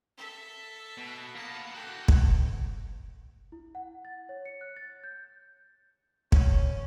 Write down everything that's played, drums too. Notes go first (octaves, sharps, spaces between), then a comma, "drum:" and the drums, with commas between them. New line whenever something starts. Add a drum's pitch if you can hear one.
A4 E5
B2
A#3 B3 A5
F#4 A4 G5
drum: kick
E4
F#5
A6
C#5
C#7
F#6
A6
G6
C#4, drum: kick